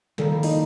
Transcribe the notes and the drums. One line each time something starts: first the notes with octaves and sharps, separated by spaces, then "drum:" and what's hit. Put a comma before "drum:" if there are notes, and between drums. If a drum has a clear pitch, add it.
D#3 G3 A#3 A4, drum: snare
D#4, drum: open hi-hat